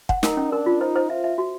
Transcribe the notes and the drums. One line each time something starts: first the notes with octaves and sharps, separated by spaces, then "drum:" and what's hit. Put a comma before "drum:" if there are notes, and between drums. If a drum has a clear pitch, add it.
F#5, drum: kick
D#4 A#4, drum: snare
C#4
D4 A#4
F4
D#4 C5
C5
F4 E5
E5
F#4